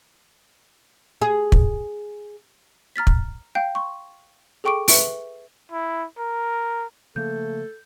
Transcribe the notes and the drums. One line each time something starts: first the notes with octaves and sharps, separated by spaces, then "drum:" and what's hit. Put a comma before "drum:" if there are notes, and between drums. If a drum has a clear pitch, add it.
G#4
drum: kick
A#5 F6 A6 B6
drum: kick
F5 G5 G6
C6 C#6
G#4 A4 G5 C#6 D6 D7
B4 E5 C#6 D7, drum: open hi-hat
E4
A#4
C#3 F3 A3 A#3 A4 G6